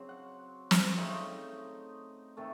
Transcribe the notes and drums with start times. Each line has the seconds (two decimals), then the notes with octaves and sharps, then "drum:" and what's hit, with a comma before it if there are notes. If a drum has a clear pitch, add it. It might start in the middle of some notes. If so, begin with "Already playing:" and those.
Already playing: C#3 F#3 C4
0.09 F#5
0.71 drum: snare
0.97 C#3 A3 C4 D#4 D#5
2.37 C3 D#3 A3 A4